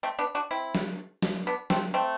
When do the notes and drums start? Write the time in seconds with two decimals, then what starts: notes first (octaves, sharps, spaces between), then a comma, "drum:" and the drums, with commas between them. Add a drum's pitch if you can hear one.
0.03 A3 C4
0.19 B3 D4
0.35 D4 F#4
0.51 C4 E4
0.75 drum: snare
1.22 drum: snare
1.47 B3 D4
1.70 A3 C4, drum: snare
1.94 A3 C4